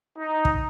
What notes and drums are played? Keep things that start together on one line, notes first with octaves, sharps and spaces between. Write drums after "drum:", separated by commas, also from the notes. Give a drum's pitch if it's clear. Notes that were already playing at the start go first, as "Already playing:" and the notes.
D#4
drum: kick